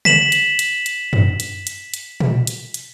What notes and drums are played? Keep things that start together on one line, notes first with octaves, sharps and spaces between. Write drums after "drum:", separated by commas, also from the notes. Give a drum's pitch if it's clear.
B6 E7 F#7, drum: tom C#3
drum: hi-hat
drum: hi-hat
drum: hi-hat
drum: tom F#2
drum: hi-hat
drum: hi-hat
drum: hi-hat
drum: tom A#2
drum: hi-hat
drum: hi-hat